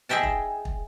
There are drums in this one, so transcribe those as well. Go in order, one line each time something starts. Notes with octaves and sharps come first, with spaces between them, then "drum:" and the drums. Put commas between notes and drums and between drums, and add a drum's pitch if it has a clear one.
G#4 D#5 E5 G5 A5
drum: kick
drum: kick